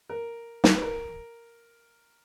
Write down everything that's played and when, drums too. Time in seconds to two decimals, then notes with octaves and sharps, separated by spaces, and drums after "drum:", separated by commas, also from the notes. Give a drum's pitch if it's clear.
0.09 A#4
0.64 drum: snare
0.74 B4
0.82 A#4